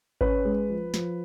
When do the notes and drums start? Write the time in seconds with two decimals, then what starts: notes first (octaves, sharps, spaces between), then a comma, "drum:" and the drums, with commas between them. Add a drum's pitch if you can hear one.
0.21 C#4 B4, drum: kick G#1
0.45 G#3
0.70 F3
0.94 F3, drum: snare